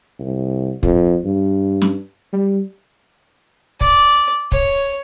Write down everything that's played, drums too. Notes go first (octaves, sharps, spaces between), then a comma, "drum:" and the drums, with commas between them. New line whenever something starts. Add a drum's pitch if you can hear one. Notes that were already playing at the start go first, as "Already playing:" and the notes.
C2
F2, drum: kick
G2
drum: snare
G3
D5, drum: kick
C#5, drum: kick